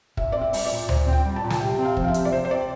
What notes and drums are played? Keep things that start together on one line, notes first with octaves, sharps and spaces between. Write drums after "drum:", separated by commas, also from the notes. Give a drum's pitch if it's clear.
A#2 E5, drum: kick
C4 D5
E5
G3, drum: open hi-hat
D5
A#2
A#2 C5, drum: tom D2
C4
G5
G3
A5
A#2
A5, drum: snare
C3 G5
C4
F5
F3, drum: kick
F5
E5
C3, drum: hi-hat
D5
C3 C5
C5
C4 D5